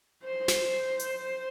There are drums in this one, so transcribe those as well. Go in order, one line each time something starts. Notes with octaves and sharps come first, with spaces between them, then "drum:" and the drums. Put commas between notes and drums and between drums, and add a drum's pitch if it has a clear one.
C5
drum: snare
drum: hi-hat